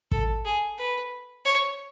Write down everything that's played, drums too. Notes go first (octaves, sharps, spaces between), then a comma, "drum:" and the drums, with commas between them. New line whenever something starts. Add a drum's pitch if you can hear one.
A4, drum: kick
G#4
B4
C#5